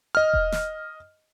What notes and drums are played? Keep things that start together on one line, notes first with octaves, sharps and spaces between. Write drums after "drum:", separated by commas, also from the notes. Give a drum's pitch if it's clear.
D#5 F6
drum: kick E1
drum: snare